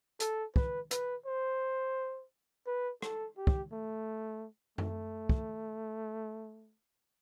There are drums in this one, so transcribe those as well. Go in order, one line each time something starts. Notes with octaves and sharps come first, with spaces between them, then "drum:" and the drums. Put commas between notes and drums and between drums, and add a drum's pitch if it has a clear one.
A4, drum: hi-hat
B4, drum: kick
B4, drum: hi-hat
C5
B4
A4, drum: rim click
G4
drum: kick
A3
A3, drum: tom F#2
drum: kick